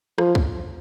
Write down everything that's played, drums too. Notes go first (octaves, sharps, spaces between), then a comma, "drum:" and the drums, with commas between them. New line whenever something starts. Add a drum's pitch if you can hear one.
F3, drum: rim click
drum: kick C2